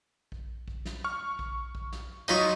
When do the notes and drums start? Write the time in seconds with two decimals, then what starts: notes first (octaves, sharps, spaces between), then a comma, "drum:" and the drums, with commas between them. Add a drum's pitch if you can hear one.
0.32 drum: kick A#1
0.68 drum: kick A#1
0.85 drum: snare
1.04 C#6 F6
1.39 drum: kick A#1
1.75 drum: kick A#1
1.93 drum: snare
2.28 F#3 D#4 F4 D#5 B5 C#6